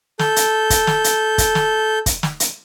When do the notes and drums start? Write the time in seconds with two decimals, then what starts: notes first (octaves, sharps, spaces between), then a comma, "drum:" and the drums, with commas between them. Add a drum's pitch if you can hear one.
0.19 A4 G6, drum: snare
0.36 drum: hi-hat
0.70 drum: kick, hi-hat
0.87 drum: snare
1.04 drum: hi-hat
1.38 drum: kick, hi-hat
1.55 drum: snare
2.06 drum: kick, hi-hat
2.23 drum: snare
2.40 drum: hi-hat